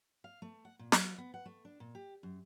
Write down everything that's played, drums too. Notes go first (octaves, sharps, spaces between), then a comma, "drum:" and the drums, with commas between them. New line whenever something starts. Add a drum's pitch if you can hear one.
F5
A3
F#5
A#2
F#3, drum: snare
B3
F#5
A3
D4
A#2
G4
F#2